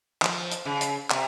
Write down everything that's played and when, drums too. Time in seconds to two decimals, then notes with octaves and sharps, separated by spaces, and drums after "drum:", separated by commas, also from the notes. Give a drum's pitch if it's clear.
0.22 F3, drum: clap
0.51 drum: hi-hat
0.65 C#3
0.81 drum: hi-hat
1.10 C3, drum: clap